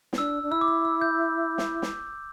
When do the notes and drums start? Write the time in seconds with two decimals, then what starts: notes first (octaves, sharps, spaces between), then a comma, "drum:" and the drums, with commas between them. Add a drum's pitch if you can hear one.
0.13 C4, drum: snare
0.18 D4 E6
0.43 D4
0.51 E4 E6
0.61 D6
0.68 E6
0.85 E6
1.01 G6
1.58 drum: snare
1.82 drum: snare